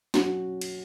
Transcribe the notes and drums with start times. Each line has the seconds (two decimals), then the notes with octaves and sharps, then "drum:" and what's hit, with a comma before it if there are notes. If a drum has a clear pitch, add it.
0.14 F#3 F#4, drum: snare
0.30 C#4
0.61 drum: cymbal